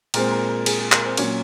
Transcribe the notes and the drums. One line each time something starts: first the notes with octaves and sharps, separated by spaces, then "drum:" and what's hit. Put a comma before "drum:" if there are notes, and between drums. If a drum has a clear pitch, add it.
A#2 G#3 C4 A#4, drum: cymbal
A#4
A#4
G#4, drum: cymbal
G#4
A#4, drum: clap
C4 C5
A#2 F#3 A#3 C#4 C#5, drum: cymbal